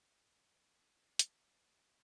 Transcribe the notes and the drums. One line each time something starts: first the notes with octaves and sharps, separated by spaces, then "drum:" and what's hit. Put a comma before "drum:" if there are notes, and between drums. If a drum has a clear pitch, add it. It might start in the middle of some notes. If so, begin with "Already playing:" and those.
G#2 F#3 D#4
drum: hi-hat